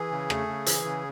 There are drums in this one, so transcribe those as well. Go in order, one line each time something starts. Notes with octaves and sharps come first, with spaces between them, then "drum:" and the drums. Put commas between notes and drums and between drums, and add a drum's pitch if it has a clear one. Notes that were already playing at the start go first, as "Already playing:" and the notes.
Already playing: E3 G#4
C#3
A3, drum: rim click
C#3
E3, drum: hi-hat
C#3